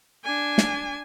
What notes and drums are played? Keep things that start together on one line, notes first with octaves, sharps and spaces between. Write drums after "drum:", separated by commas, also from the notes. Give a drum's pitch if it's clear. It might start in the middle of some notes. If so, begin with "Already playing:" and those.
D4 G#5
drum: snare